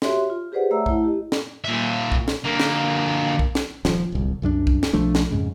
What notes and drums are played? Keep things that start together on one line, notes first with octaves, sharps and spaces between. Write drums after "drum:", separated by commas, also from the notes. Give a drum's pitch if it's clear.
F#4 G4 C#5 E5 C6, drum: snare
F4
G4 G#4 B4 C5 D5 F#5
A3 C#5 E5 F#5 A#5 E6
A3 E4, drum: kick
G4 D#5
drum: snare
A#2 E5
drum: kick
drum: snare
D3 A#3
drum: snare
drum: kick
drum: snare
D#1 F3, drum: snare
D1 C2
C2 F#2 F#3 D4
drum: kick
drum: snare
B1 F3 A3 D4
drum: snare
F2 G#2 C#3